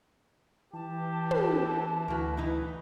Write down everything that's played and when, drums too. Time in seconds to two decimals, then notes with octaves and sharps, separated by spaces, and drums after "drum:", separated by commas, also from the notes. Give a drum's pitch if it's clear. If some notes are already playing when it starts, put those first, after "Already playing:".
0.74 E3 G4 A5
1.31 drum: tom
2.08 D2 E3 F#4 A#4
2.37 E3 D#4 E4 B4